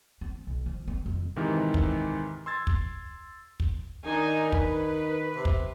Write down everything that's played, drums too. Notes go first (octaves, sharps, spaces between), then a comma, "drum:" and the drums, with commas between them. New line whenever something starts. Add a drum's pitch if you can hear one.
C4
B1
F3
C4
F2
G#2 C3 D#3 E3
drum: kick
C6 E6 G#6 A6
drum: kick
drum: kick
D#3 D4 D#4 G#5
B4, drum: kick
C3
drum: kick